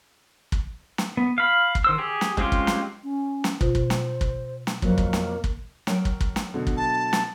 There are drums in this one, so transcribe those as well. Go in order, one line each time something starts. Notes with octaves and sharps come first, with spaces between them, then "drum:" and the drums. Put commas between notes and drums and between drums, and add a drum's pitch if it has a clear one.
drum: kick
drum: snare
B3
F5 B5
drum: kick
D#3 C5 E6
G4 G#4
drum: snare
G#3 C4 C#4 F4 G4, drum: kick
drum: kick
drum: snare
C#4
drum: snare
B2 F4 C5, drum: kick
drum: kick
drum: snare
drum: kick
drum: snare
F2 F#3 A#3, drum: kick
drum: kick
drum: snare
drum: kick
F#3 A#4 G5, drum: snare
drum: kick
drum: kick
drum: snare
B2 D3
drum: kick
A5
drum: snare